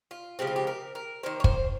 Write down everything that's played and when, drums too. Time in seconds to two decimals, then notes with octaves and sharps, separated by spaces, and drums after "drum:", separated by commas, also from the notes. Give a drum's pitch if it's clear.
0.11 F4
0.39 C#3 F3 G#3 C4 G4
0.47 F4
0.56 G4
0.67 A#4
0.95 A#4
1.23 D#3 A#3 C5
1.40 C#5
1.44 C5, drum: kick